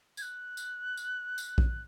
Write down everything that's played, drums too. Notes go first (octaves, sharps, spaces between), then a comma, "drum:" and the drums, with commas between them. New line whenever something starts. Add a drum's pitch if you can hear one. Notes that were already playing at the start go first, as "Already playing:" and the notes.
G#6, drum: tambourine
F#6
drum: tambourine
drum: tambourine
drum: tambourine
drum: kick A#1